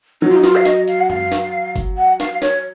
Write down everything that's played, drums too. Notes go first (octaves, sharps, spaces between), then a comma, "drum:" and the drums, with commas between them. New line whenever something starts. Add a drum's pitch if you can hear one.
F#3 D#4
F4
D#4
F4, drum: snare
F5
D#5, drum: snare
F5, drum: hi-hat
F#5
F5, drum: tom F#2
drum: snare
drum: kick G1, hi-hat
F#5
F5, drum: snare
C#5, drum: snare